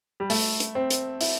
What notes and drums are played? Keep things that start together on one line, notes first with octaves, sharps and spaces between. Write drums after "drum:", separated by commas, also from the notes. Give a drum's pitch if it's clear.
G3
A3, drum: open hi-hat
drum: hi-hat
C4
drum: hi-hat
E4, drum: open hi-hat